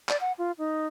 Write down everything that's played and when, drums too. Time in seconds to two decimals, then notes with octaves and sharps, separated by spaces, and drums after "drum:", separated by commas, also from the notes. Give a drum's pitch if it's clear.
0.09 D5, drum: clap
0.21 F#5
0.38 F4
0.58 D#4